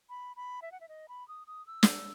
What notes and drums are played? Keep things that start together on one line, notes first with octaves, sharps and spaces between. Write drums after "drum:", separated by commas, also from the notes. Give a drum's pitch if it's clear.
B5
B5
E5
F#5
E5
D#5
B5
D#6
D#6
E6
drum: snare